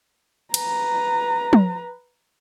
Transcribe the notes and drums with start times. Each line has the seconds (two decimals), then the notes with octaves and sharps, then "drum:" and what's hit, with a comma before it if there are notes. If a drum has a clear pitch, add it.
0.54 B4 A#5, drum: cymbal
1.53 drum: tom